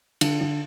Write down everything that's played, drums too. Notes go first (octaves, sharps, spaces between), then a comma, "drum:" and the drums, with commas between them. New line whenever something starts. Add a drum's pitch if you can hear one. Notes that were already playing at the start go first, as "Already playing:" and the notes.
D3, drum: cymbal
D3